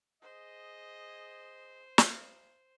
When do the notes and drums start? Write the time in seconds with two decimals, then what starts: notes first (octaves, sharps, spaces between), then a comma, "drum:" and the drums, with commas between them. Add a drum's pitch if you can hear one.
0.22 G#4 C5 D#5
1.98 drum: snare